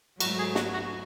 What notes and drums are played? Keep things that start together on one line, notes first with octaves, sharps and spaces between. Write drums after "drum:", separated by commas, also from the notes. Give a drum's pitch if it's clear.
G#2 F#3 A3 F#4, drum: cymbal
G#4
F#4, drum: snare
F#4